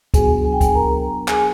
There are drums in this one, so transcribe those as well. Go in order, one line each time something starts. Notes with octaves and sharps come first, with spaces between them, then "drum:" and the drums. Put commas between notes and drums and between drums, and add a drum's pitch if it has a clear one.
F#3 B3 D4 F#4 G#4 G#5, drum: kick C#2, hi-hat
G#5
G5
G#4 G#5, drum: kick C#2, hi-hat
A#4 A#5
G#4 G#5, drum: clap